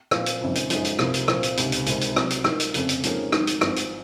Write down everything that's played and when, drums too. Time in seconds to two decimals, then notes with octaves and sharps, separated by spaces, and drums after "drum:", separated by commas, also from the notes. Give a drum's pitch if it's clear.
0.11 A#2 F3 C4 F4, drum: rim click
0.26 drum: hi-hat
0.41 G#1 F#2 C#3 F3
0.55 drum: hi-hat
0.70 F#2 F3 G#3 D#4 G#4, drum: hi-hat
0.85 drum: hi-hat
0.99 C2 C3 F3 A#3, drum: rim click
1.14 drum: hi-hat
1.28 A#2 F3 C4 F4, drum: rim click
1.43 drum: hi-hat
1.57 C#2 C3 D#3, drum: hi-hat
1.72 drum: hi-hat
1.86 C2 C3 D#3 G#3 C4, drum: hi-hat
2.01 drum: hi-hat
2.16 C3 F#3 C4, drum: rim click
2.30 drum: hi-hat
2.44 G#2 F3 C4 D#4 A#4, drum: rim click
2.60 drum: hi-hat
2.74 F1 F2 C#3, drum: hi-hat
2.89 drum: hi-hat
3.03 G#2 F3 A#3 C#4 G#4, drum: hi-hat
3.32 G#2 D#3 F#3, drum: rim click
3.47 drum: hi-hat
3.61 G#1 G#2 F3, drum: rim click
3.76 drum: hi-hat